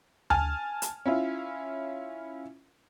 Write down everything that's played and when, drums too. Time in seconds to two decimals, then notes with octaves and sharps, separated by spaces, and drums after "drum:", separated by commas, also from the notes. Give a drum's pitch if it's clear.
0.30 G#5 A5 F6, drum: tom D2
0.82 drum: hi-hat
1.06 C#4 E4 F4